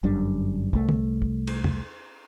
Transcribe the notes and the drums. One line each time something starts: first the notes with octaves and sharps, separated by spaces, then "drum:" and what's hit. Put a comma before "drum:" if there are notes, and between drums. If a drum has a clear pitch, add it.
G1 F#2 G3 D4
C2 A3, drum: kick
drum: tom
drum: kick
drum: cymbal
drum: tom